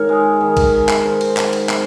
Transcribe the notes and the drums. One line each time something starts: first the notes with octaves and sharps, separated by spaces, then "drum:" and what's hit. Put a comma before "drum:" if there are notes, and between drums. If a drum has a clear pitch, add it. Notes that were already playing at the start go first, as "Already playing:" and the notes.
Already playing: G#2 D#3 A#4 C#5
G#3
D#3
drum: kick, cymbal
G#3
drum: clap
D#3 C5
drum: cymbal
G#2, drum: clap
drum: cymbal
C4, drum: clap